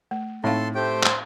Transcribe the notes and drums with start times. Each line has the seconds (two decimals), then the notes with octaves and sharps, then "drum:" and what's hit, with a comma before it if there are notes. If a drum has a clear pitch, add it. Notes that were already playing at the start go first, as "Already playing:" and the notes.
0.11 A3
0.44 A2 C4 D#4 A4 F5 C6
0.75 A3 G4 C5 G5
1.03 drum: clap